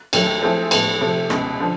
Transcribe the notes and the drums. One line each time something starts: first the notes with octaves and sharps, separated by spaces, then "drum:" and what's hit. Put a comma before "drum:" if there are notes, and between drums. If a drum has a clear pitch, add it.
D#2 D#3 F#3 A3, drum: cymbal
F3 A3 C4 E4 G#4
A2 F3 G#3 B3, drum: cymbal
C3 F3 A3
C#2 B2 G#3, drum: rim click
D3 F3